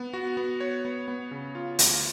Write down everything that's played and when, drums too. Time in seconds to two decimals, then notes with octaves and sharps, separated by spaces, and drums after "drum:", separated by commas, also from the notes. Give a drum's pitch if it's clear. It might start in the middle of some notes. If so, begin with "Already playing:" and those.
Already playing: B3
0.13 F#4
0.37 B3
0.60 C#5
0.85 B3
1.08 B3
1.31 C#3
1.55 F4
1.79 D2, drum: hi-hat